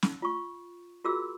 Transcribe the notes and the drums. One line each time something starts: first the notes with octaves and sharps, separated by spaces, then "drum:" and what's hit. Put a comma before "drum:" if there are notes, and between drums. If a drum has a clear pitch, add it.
drum: snare
F4 C#6
F4 F#4 G#4 A#4 E6